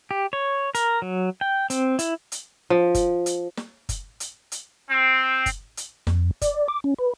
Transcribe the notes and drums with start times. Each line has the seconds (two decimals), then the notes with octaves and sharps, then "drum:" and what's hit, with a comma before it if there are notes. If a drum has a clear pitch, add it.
0.11 G4
0.33 C#5
0.75 A#4, drum: hi-hat
1.02 F#3
1.41 G5
1.70 C4, drum: hi-hat
1.99 E4, drum: hi-hat
2.32 drum: hi-hat
2.70 F3
2.95 drum: kick F#1, hi-hat
3.26 drum: hi-hat
3.57 drum: snare
3.89 drum: kick F#1, hi-hat
4.20 drum: hi-hat
4.52 drum: hi-hat
4.89 C4
5.46 drum: kick F#1, hi-hat
5.77 drum: hi-hat
6.07 F2, drum: snare
6.41 D5, drum: kick F#1, hi-hat
6.68 D6
6.84 C#4
6.99 B4